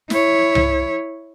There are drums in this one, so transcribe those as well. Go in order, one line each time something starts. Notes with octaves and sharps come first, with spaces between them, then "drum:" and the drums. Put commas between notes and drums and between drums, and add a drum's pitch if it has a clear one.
E4 C#5, drum: snare
drum: tom C2